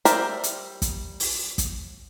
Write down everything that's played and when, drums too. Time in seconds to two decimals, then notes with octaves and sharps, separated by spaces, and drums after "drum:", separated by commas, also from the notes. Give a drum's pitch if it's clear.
0.05 G3 A#4 C5 D5 E5, drum: hi-hat
0.43 drum: hi-hat
0.82 drum: kick, hi-hat
1.20 drum: open hi-hat
1.58 drum: kick, hi-hat